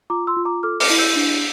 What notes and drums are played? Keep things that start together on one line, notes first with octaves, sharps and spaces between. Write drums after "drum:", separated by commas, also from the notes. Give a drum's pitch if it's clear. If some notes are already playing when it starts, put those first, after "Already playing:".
F4 A#5 D6
C6 E6
F4
A#5 D6
A4 D6 F6
D6 F6, drum: open hi-hat
E4
E6 G6
D4